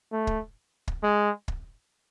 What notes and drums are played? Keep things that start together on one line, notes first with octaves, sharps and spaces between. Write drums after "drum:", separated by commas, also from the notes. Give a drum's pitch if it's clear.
A3
drum: kick
drum: kick
G#3
drum: kick